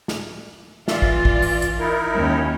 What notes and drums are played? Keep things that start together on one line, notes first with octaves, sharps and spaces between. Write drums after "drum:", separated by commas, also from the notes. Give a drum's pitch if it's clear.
drum: snare
E3 F4 D5 E5 F5, drum: snare
drum: kick
D5, drum: kick
drum: open hi-hat
drum: hi-hat
D#4 E4 A#4
D#2 C#4